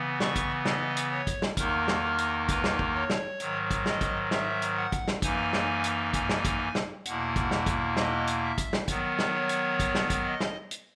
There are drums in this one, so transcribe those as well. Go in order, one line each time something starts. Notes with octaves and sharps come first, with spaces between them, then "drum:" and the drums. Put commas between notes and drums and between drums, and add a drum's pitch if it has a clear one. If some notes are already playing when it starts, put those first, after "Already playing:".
Already playing: C#3 E3 B3
C#6, drum: snare
drum: kick, hi-hat
D#5, drum: snare
drum: hi-hat
C#5
drum: kick, hi-hat
drum: snare
E2 D#3 A#3 D#4 A#4, drum: kick, hi-hat
drum: snare
A#4
drum: hi-hat
B4, drum: kick, hi-hat
drum: snare
drum: kick
C#5
drum: snare
G#2 D#3 F#3, drum: hi-hat
drum: kick, hi-hat
D#5, drum: snare
drum: kick, hi-hat
E5, drum: snare
drum: hi-hat
F#5
drum: kick, hi-hat
drum: snare
F#2 E3 A#3 D#4 G#5, drum: kick, hi-hat
drum: snare
drum: hi-hat
G#5, drum: kick, hi-hat
drum: snare
drum: kick, hi-hat
drum: snare
E2 B2 A#3 E4 F#5, drum: hi-hat
drum: kick, hi-hat
drum: snare
drum: kick, hi-hat
D#5, drum: snare
drum: hi-hat
E5
drum: kick, hi-hat
drum: snare
D#3 F#3 B3, drum: kick, hi-hat
drum: snare
C#5
drum: hi-hat
drum: kick, hi-hat
drum: snare
drum: kick, hi-hat
D#5
drum: snare
drum: hi-hat